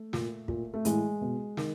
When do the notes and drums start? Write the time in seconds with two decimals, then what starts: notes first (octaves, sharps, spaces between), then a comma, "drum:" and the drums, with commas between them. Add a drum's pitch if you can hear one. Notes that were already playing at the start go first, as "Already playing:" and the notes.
Already playing: A3
0.13 A#2, drum: snare
0.48 A#2, drum: kick
0.74 A3
0.85 A2 E3 G#3, drum: hi-hat
1.21 B2
1.57 D#3, drum: snare